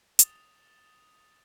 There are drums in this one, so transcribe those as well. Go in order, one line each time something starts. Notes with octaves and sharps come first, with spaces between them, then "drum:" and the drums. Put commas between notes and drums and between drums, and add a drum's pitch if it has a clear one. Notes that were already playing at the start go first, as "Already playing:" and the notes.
D#6 A6 E7 F7 G7, drum: hi-hat